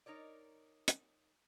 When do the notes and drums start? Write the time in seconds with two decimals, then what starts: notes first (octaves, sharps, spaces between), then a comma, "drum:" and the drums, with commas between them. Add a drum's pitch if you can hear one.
0.06 D#4 A#4 C#5 D5
0.88 drum: hi-hat